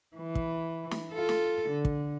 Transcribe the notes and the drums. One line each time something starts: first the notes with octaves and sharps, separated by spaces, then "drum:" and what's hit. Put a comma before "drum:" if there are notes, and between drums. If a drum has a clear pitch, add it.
E3
drum: kick
drum: snare
F4 A4
drum: snare
D3
drum: kick